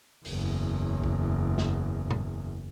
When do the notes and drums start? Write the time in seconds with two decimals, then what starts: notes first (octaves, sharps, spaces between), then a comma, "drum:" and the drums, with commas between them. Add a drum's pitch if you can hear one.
0.25 F#1 E2, drum: open hi-hat
1.04 drum: kick
1.58 drum: snare
2.11 drum: tom A2